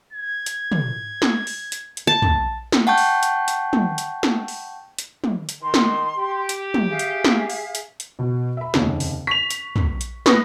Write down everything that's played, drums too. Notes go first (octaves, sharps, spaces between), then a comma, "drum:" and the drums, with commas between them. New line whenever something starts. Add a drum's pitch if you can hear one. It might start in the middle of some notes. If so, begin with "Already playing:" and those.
G#6
drum: hi-hat
drum: tom
drum: snare
drum: open hi-hat
drum: hi-hat
drum: hi-hat
A5
drum: tom
drum: snare
F#5 G5 A5 C#6 G6
drum: open hi-hat
drum: hi-hat
drum: hi-hat
drum: tom
drum: hi-hat
drum: snare
drum: open hi-hat
drum: hi-hat
drum: tom
drum: hi-hat
D#3 C6
drum: snare
G4
drum: hi-hat
drum: tom
G#4 E5 F5
drum: hi-hat
drum: snare
drum: open hi-hat
drum: hi-hat
drum: hi-hat
B2 F#4
E5 B5
F1 D#2 C#3, drum: snare
drum: open hi-hat
C#6 B6 F7
drum: hi-hat
drum: tom
drum: hi-hat
B4 C#6 D#6 A#6, drum: snare